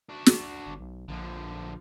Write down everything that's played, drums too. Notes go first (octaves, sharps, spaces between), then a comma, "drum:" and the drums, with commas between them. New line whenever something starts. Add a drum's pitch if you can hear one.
D4 F#4
drum: snare
G1
B1
A#1 D3 F3